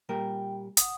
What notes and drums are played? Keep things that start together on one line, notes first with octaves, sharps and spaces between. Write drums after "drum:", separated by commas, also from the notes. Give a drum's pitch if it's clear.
A#2 G3 A#4 G5
F#5 D#6, drum: hi-hat